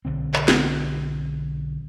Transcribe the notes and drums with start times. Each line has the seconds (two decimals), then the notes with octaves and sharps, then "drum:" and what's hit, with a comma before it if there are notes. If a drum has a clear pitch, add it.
0.05 B1 D3 C4
0.34 drum: clap
0.48 drum: snare